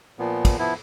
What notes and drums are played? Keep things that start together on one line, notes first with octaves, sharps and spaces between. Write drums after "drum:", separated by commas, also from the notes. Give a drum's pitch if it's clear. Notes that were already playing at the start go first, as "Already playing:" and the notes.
A#2 F3 B3
drum: kick, cymbal
F3 B3 E4